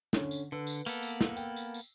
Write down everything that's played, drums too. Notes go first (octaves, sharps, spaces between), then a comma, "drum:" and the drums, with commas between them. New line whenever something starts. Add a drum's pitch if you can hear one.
D3 C#4, drum: snare
drum: tambourine
D3 B4 E6
drum: tambourine
A#3 B3 A4, drum: tambourine
drum: tambourine
drum: snare
G5, drum: tambourine
drum: tambourine
drum: tambourine